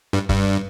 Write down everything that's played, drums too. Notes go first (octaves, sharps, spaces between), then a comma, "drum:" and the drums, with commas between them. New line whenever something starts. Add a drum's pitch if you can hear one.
G2
G2, drum: kick F#1